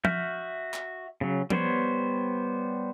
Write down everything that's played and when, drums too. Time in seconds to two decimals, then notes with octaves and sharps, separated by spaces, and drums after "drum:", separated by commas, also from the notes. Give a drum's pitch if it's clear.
0.05 F#4 E5 F6 G6, drum: tom F3
0.74 drum: clap
1.21 C#3 F#3
1.50 G3 B3 C5 C#5, drum: tom F3